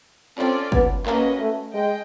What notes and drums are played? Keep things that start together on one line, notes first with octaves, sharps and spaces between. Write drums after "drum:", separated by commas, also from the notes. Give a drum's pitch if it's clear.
C4 C#4 F4 A4 D5, drum: clap
B3, drum: kick
A#3 C#4 F#4 B4 D#5, drum: clap
A3
G#3 D#5 G5